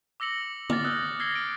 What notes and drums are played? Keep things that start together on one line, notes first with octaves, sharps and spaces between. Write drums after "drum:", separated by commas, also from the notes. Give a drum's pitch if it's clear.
D6 E6 A#6 C#7 F#7
D6 F6 A6, drum: tom D3
D#6 E6 F#6 G6 A#6
E6 F6 G#6 A#6 C7 G7
D7